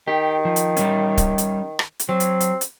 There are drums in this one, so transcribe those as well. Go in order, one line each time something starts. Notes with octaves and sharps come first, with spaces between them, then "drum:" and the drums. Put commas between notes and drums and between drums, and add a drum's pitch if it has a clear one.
D#3 G4
F3
drum: hi-hat
G3 C#4, drum: hi-hat
drum: kick C#1, hi-hat
drum: hi-hat
drum: rim click
drum: hi-hat
F#3 C4
drum: hi-hat
drum: hi-hat
drum: hi-hat